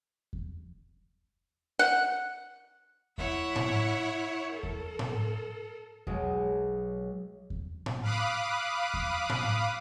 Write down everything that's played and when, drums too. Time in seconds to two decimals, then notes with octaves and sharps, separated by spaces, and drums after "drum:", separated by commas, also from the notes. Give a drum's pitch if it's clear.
0.33 drum: kick E2
1.79 F#5
3.18 E4 C#5 E5 F#5, drum: kick E2
3.56 drum: tom A2
4.51 A4 A#4
4.63 drum: kick E2
4.99 drum: tom A2
6.07 B1 F#3 G#3, drum: kick E2
7.50 drum: kick E2
7.86 drum: tom A2
8.02 F5 B5 D6 D#6 F#6
8.94 drum: kick E2
9.30 drum: tom A2